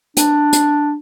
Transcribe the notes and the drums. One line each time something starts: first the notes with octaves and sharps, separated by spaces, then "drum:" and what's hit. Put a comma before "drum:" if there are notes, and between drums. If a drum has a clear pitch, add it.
D4, drum: hi-hat
drum: hi-hat